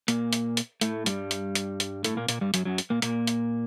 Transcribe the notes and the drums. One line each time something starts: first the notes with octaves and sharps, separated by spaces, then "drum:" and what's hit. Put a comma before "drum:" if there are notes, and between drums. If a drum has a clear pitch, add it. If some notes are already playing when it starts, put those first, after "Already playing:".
A#2 A#3, drum: hi-hat
drum: hi-hat
drum: hi-hat
A2 A3, drum: hi-hat
G2 G3, drum: hi-hat
drum: hi-hat
drum: hi-hat
drum: hi-hat
A2 A3, drum: hi-hat
A#2 A#3
A#2 A#3, drum: hi-hat
G2 G3
F#2 F#3, drum: hi-hat
F#2 F#3
drum: hi-hat
A#2 A#3
A#2 A#3, drum: hi-hat
drum: hi-hat